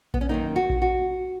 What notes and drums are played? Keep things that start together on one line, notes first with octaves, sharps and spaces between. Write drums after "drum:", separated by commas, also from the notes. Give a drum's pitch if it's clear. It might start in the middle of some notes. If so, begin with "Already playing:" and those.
B3, drum: kick A#1
C#4
F#2 D#3 A#3 D#4
F#4
drum: kick A#1
F#4